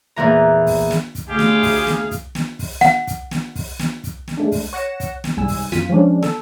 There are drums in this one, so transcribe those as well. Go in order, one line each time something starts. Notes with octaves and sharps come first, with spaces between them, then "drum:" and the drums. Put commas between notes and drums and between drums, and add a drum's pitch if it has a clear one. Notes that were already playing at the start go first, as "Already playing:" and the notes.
E2 A#2 E3 A#5
drum: kick, open hi-hat
drum: snare
drum: kick, hi-hat
D2 G4 G#4 F5 G#5
drum: snare
drum: kick, open hi-hat
drum: snare
drum: kick, hi-hat
drum: snare
drum: kick, open hi-hat
F#5, drum: snare
drum: kick, hi-hat
drum: snare
drum: kick, open hi-hat
drum: snare
drum: kick, hi-hat
drum: snare
G#3 A3 D4
drum: kick, open hi-hat
C#5 F#5 A#6 C#7 E7
drum: kick, hi-hat
drum: snare
C2 G#2 G3 G#5 E6
drum: kick, open hi-hat
F#2 F4 B6 D#7, drum: snare
F3 G#3 C#4 D4
A4 E6, drum: snare